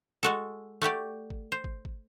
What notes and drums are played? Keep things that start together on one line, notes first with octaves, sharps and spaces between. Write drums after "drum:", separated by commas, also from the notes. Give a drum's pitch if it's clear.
G#3 F#4 A4
A3 F#4 G4 D5
drum: kick
C5
drum: kick
drum: kick